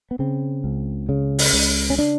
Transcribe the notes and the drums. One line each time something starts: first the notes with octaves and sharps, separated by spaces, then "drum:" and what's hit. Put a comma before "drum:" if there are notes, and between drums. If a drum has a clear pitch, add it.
B3
C#3 C4
C#2
C#3
drum: open hi-hat
C#2
C#4
D4